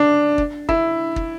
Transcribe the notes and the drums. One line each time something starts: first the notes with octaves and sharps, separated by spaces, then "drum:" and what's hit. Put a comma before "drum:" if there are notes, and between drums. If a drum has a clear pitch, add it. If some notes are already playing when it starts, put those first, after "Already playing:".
Already playing: D4
drum: kick
E4, drum: kick
drum: kick